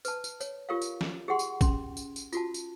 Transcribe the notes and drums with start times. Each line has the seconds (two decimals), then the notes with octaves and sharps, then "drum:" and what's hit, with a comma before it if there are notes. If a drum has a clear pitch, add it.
0.05 B4 A5, drum: tambourine
0.24 drum: tambourine
0.40 C#5, drum: tambourine
0.69 F4 G4 A#4 C#5 F5
0.82 drum: tambourine
1.01 drum: snare
1.28 G4 G#4 F#5 C6
1.39 drum: tambourine
1.61 C#4 C6, drum: kick A1, tambourine
1.97 drum: tambourine
2.16 drum: tambourine
2.33 F4 F#4 A5, drum: tambourine
2.54 drum: tambourine